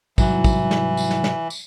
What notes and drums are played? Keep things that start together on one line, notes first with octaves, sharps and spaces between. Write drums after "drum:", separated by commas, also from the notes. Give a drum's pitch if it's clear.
C2 G#2 E3 F#3, drum: kick, tambourine
drum: kick, tambourine
drum: snare
drum: tambourine
drum: snare
drum: snare
drum: tambourine